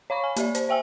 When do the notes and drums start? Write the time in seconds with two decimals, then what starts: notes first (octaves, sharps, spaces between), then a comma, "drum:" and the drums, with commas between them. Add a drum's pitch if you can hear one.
0.10 C#5 F5 B5 C#6
0.24 G#5
0.36 A#3 G4 D5, drum: hi-hat
0.55 C5, drum: hi-hat
0.69 C5 E5 G5 G#5 E6